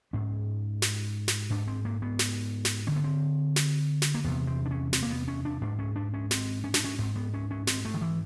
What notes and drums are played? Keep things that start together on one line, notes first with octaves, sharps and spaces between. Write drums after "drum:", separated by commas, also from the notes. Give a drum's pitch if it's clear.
G#2 C#4
drum: snare
drum: snare
G#2 D4
C4
A#3
B3
drum: snare
drum: snare
G2 D3 C4
B3
C4
drum: snare
drum: snare
A#3
E2 C3 B3
C4
D4
C#4
C4, drum: snare
A#3
B3
C#4
D4
G#2 D4
C#4
D4
C#4
C4, drum: snare
C#4
D4, drum: snare
C#4
G#2 C4
B3
C#4
C#4
C4, drum: snare
A3
D#3
E3